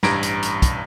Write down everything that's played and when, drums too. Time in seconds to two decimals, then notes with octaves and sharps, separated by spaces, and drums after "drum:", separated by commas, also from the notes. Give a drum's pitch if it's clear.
0.03 A1 G2 A#5 G#6 A#6 D7, drum: snare
0.23 drum: hi-hat
0.42 drum: hi-hat
0.62 drum: kick, hi-hat